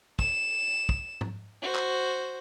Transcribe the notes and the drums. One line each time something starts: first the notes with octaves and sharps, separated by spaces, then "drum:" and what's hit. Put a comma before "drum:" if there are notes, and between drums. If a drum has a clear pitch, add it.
E7, drum: kick
drum: kick
drum: tom G#2
F#4 C5
drum: clap